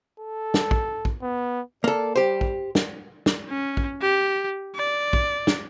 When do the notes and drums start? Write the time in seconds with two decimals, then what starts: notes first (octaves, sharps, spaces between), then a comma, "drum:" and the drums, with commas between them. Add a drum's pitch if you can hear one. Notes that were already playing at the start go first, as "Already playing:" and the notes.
0.20 A4
0.54 drum: snare
0.71 drum: kick
1.05 drum: kick
1.22 B3
1.84 A#3 A4 D5
2.16 G3 G4 C5
2.41 drum: kick
2.75 drum: snare
3.26 drum: snare
3.49 C#4
3.77 drum: kick
4.01 G4
4.76 D5
5.13 drum: kick
5.47 drum: snare